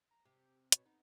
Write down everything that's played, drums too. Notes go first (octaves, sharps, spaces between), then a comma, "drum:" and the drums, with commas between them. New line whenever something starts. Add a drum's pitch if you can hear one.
A#5
C3 G4
B2 C#5, drum: hi-hat
B3 D#4